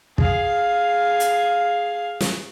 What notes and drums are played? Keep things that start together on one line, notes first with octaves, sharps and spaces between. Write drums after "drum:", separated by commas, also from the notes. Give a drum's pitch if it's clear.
G#4 F5, drum: kick
drum: hi-hat
drum: snare